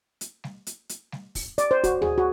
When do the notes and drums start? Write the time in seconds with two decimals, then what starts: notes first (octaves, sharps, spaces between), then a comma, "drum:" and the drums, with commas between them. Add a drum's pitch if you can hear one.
0.21 drum: hi-hat
0.44 drum: snare G3
0.67 drum: hi-hat
0.89 drum: hi-hat
1.12 drum: snare G3
1.35 drum: kick, open hi-hat
1.58 D5, drum: hi-hat
1.71 C5
1.84 F#4, drum: kick, hi-hat
2.02 G#4, drum: tom D2
2.18 F#4